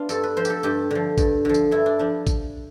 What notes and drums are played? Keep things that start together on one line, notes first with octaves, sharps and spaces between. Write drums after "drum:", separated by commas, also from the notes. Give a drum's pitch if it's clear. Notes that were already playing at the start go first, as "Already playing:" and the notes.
Already playing: B3 D4 F4
G2 A4, drum: tambourine
B4
F3 C5
G4 A4, drum: tambourine
G2 G4
D3 F3
G2, drum: kick A1, tambourine
D3 F3
drum: tambourine
G2 E4
D4
F3 D4
drum: kick A1, tambourine